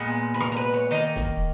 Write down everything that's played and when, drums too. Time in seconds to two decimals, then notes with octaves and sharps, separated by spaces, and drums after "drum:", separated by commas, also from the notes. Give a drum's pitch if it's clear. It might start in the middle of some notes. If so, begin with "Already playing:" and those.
Already playing: A#2 G#3 B3
0.34 B4
0.40 A#4, drum: rim click
0.52 A#4
0.56 B4
0.74 C#5
0.91 D#3 A#3 D#5, drum: hi-hat
1.16 drum: kick, hi-hat